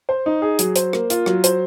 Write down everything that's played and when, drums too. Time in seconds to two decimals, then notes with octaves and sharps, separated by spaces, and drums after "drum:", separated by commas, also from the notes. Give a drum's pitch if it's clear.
0.09 C5
0.26 D#4
0.42 G#4
0.59 F#3, drum: hi-hat
0.76 C5, drum: hi-hat
0.93 A#3, drum: rim click
1.10 F4, drum: hi-hat
1.26 F#3, drum: rim click
1.44 C5, drum: hi-hat